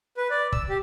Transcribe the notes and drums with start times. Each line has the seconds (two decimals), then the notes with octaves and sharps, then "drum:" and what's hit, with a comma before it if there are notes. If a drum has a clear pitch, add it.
0.17 B4
0.30 D5
0.52 E6, drum: kick
0.69 G4